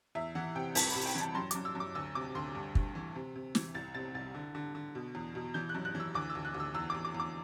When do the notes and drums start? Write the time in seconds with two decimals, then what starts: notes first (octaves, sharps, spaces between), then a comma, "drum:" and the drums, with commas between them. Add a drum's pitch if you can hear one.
0.15 E2 E5
0.35 E3 F#5
0.55 C3 G5
0.75 C2 A5, drum: open hi-hat
0.90 B5
0.95 C3
1.05 G5
1.15 E3
1.20 A5
1.35 F#2 C6
1.51 F#2 D6, drum: hi-hat
1.65 E6
1.75 F#2
1.80 D6
1.95 D2 E6
2.15 C3 D6
2.35 D2 C6
2.55 G2
2.75 G2, drum: kick
2.95 E3
3.15 C3
3.35 C3
3.55 E3, drum: snare
3.75 C2 A6
3.95 C3 A6
4.15 C2 A6
4.35 D3
4.55 D3
4.75 D3
4.95 B2
5.15 E2
5.35 B2
5.54 E3 G6
5.69 F#6
5.75 F#2
5.85 F#6
5.95 E3
6.00 E6
6.15 D2 D6
6.30 E6
6.35 D2
6.45 F#6
6.54 D2
6.60 E6
6.75 E2 E6
6.90 E2 D6
7.05 D6
7.14 E2
7.20 D6